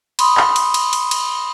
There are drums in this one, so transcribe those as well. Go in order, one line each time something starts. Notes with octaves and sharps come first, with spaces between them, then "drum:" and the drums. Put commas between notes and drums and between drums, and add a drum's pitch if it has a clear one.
B5 C6 D#6, drum: cymbal
drum: clap
drum: cymbal
drum: cymbal
drum: cymbal
drum: cymbal